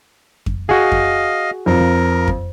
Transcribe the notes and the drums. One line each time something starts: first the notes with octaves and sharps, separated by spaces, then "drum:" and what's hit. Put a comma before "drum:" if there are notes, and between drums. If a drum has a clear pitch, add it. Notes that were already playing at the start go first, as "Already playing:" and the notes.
drum: kick F2
F#4 G#4 D#5 F5
drum: kick F2
F2 A#4
drum: kick F2